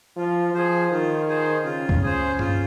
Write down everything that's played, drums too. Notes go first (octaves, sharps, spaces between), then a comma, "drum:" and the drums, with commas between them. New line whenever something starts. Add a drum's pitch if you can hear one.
F3 F4
F3 G#4 C5
D#3 F4
G#4 C5
C#3 F4
drum: kick C2
G#4 C5
F4, drum: tom G2